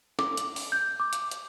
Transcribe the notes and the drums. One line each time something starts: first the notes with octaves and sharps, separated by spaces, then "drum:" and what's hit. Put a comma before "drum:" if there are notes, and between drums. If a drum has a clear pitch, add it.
D6, drum: snare
drum: hi-hat
drum: open hi-hat
G6
D6
drum: hi-hat
drum: hi-hat